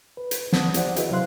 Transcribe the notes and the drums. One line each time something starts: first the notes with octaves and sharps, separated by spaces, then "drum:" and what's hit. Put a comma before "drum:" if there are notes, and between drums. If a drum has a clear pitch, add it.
B4
drum: hi-hat
E3 F#5 A5 D#6, drum: snare
E4 G4 C5 D5 F#5, drum: hi-hat
E4 F#4 G#4 B4 D#5 E5, drum: hi-hat
C3 F#3 C5 F5 C6 F#6